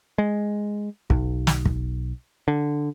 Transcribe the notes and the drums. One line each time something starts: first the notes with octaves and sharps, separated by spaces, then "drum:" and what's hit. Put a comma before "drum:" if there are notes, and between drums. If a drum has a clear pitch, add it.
G#3
B1, drum: kick
drum: snare
drum: kick
D3